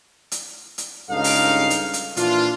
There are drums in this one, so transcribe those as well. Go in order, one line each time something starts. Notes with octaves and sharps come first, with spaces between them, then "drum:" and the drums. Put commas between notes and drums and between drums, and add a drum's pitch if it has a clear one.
drum: hi-hat
drum: hi-hat
C#2 G2 C#4 D#4 A4 F5
drum: open hi-hat
drum: hi-hat
drum: hi-hat
A#2 E3 F3 D4 F4, drum: hi-hat